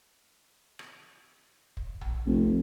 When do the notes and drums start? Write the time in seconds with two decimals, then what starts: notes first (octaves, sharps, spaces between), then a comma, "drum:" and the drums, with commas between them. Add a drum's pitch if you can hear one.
0.79 drum: rim click
1.77 drum: kick
2.01 drum: tom A#1
2.26 F1